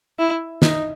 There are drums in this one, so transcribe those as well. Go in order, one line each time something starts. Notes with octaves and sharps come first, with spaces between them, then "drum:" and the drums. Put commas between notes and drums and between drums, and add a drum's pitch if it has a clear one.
E4
D#4, drum: snare